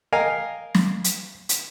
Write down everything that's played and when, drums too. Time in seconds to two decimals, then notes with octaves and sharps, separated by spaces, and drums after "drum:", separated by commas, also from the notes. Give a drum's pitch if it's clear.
0.12 A#4 D#5 F5 G5 G#5 A#5
0.75 drum: snare
1.04 drum: hi-hat
1.49 drum: hi-hat